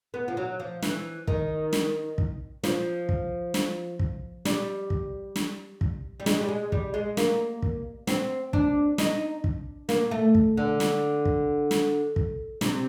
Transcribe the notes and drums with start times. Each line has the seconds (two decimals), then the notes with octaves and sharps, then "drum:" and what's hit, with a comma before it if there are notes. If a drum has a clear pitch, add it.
0.14 B3
0.28 F3
0.37 F#3
0.60 F3
0.82 E3, drum: snare
1.28 D#3, drum: kick
1.73 drum: snare
2.18 drum: kick
2.64 F3, drum: snare
3.09 drum: kick
3.54 drum: snare
3.99 drum: kick
4.45 G3, drum: snare
4.90 drum: kick
5.36 drum: snare
5.81 drum: kick
6.20 G3
6.26 G#3, drum: snare
6.41 G3
6.48 G#3
6.72 G3, drum: kick
6.94 G#3
7.17 A#3, drum: snare
7.62 drum: kick
8.07 C4, drum: snare
8.53 D4, drum: kick
8.98 D#4, drum: snare
9.44 drum: kick
9.89 A#3, drum: snare
10.11 A3
10.35 drum: kick
10.57 D3
10.80 drum: snare
11.25 drum: kick
11.71 drum: snare
12.16 drum: kick
12.61 C3, drum: snare